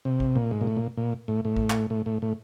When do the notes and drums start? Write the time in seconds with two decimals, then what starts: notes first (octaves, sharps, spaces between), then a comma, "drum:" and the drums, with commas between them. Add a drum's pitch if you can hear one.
0.05 C3
0.20 drum: kick A1
0.36 A#2
0.51 G#2
0.61 A#2
0.67 A2
0.77 A#2
0.97 A#2
1.28 A2
1.45 A2
1.56 drum: kick A1
1.70 drum: clap
1.90 A2
2.06 A2
2.22 A2